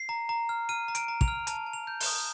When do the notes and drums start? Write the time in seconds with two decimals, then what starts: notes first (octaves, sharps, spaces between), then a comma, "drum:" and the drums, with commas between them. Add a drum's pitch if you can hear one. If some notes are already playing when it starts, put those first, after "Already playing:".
Already playing: C7
0.09 A#5
0.29 A#5
0.49 F6
0.69 F6 D#7
0.88 A#5
0.95 D7, drum: hi-hat
1.08 A#5
1.21 F7, drum: kick
1.28 F6
1.47 A5 F7, drum: hi-hat
1.66 A5
1.73 F7
1.87 G6
2.00 G7, drum: open hi-hat
2.06 D#6